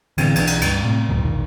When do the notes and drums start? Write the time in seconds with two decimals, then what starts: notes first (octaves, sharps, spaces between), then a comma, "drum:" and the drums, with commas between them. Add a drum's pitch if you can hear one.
0.18 A1 D3 E3 C4, drum: cymbal
0.35 B1 E3 A3 D4, drum: cymbal
0.47 drum: cymbal
0.61 C#2 G2, drum: cymbal
0.83 A2 C3
1.09 D1 C#2 F#2 A#2
1.23 E1 A#1 D#3